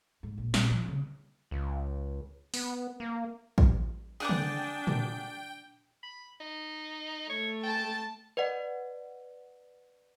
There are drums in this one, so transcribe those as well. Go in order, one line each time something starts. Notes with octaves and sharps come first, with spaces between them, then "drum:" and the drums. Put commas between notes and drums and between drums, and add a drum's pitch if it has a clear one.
G#2
A#1
A#1, drum: snare
F3
C#3
C#2
B3, drum: open hi-hat
A#3
drum: kick
D4 G#4 F#5 G5 D6
drum: tom C#3
drum: tom A#2
B5
D#4
A3 C#5
G5 A5
B4 D5 D#5 F#5